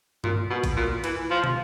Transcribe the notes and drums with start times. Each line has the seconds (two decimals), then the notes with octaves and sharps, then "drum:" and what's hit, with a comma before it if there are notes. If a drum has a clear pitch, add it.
0.24 A#2, drum: tom G2
0.51 B2
0.64 drum: kick A1, cymbal
0.76 A#2
1.04 E3, drum: cymbal
1.31 F3
1.44 drum: tom